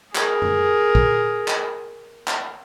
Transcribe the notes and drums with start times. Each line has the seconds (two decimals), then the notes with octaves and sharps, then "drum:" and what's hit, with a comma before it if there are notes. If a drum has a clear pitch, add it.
0.15 G#4 A#4, drum: clap
0.42 drum: tom F#2
0.95 drum: kick
1.48 drum: clap
2.28 drum: clap